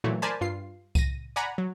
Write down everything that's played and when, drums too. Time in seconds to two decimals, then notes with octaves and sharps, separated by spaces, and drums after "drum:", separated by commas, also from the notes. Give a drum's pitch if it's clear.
0.04 A#2 E3 F#3 A3
0.22 A#4 C5 D5 G#5 A5 B5
0.41 G2 F4 C7
0.95 A#6 D#7, drum: kick C2, tambourine
1.36 D5 F#5 G#5 A#5 B5
1.58 F#3